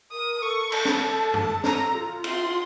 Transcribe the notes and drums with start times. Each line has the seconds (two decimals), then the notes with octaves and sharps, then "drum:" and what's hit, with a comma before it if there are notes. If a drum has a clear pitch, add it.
0.12 A#4 D#6
0.42 A4 C#6
0.72 A5, drum: cymbal
0.85 drum: snare
1.03 A4 A5
1.34 A5, drum: tom F#2
1.64 A4 A#5, drum: snare
1.94 F4
2.24 C6, drum: cymbal